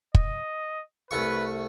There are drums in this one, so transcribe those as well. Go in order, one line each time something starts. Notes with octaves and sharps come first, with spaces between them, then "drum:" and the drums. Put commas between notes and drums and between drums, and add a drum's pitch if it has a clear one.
D#5, drum: kick
C2 A3 B4 C#6